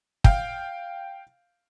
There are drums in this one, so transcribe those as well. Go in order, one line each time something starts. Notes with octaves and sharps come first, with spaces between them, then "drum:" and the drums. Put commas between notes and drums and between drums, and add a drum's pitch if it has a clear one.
F5 G5, drum: kick